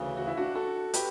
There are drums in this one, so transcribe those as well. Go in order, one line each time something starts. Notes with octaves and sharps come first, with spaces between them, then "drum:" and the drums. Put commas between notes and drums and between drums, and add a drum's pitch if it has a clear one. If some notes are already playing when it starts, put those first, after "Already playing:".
Already playing: D2 C#3 E3
F#4
E4
D4 F#4
F#4 A4
G4 B4, drum: hi-hat